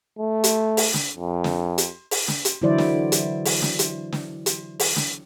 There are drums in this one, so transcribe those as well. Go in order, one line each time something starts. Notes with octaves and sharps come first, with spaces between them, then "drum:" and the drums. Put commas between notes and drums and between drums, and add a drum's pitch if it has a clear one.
A3
drum: hi-hat
drum: open hi-hat
drum: snare
F2
drum: snare
drum: hi-hat
drum: open hi-hat
drum: snare
drum: hi-hat
D3 E3 F#3 E4 C5 D5
drum: snare
drum: hi-hat
drum: open hi-hat
drum: snare
drum: hi-hat
drum: snare
drum: hi-hat
drum: open hi-hat
drum: snare